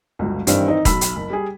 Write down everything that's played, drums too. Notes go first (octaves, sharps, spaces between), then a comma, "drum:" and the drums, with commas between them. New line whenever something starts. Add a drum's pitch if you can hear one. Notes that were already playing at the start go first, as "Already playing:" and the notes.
G1 C#2 F#3
G2 D#3 E3 C4, drum: hi-hat
D#4
B1 B5 E6 B6, drum: kick E1, hi-hat
drum: hi-hat
F#1
G3 G#4